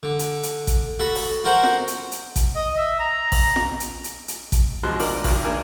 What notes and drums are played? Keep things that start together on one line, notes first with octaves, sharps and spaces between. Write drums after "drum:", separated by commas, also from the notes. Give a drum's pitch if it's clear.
D3
drum: hi-hat
drum: hi-hat
drum: kick, hi-hat
F#4 A4 B5
drum: open hi-hat
F#4 A#4 C5 F#5
drum: snare F4
drum: hi-hat
drum: hi-hat
drum: kick, hi-hat
D#5
E5
A#5
drum: kick, open hi-hat
drum: snare F4
drum: hi-hat
drum: hi-hat
drum: hi-hat
drum: kick, hi-hat
D#2 B2 F3 G#3 C6 F#6
D4 F4 A#4 D5, drum: open hi-hat
G#1 D#3, drum: kick, open hi-hat
A#3 D4 A#4 G#5